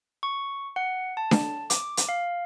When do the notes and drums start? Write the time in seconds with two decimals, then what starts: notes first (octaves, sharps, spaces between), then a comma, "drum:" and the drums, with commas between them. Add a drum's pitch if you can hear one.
0.23 C#6
0.76 F#5
1.17 A5
1.31 drum: snare D4
1.70 D6, drum: hi-hat
1.97 drum: hi-hat
2.09 F5